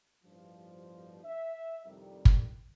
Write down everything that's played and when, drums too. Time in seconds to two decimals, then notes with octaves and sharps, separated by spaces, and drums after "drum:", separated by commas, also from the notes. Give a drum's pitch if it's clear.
0.23 A1 G2 B2 F3
1.23 E5
1.85 C2 F2 A2 C3 D#3 G3
2.25 drum: kick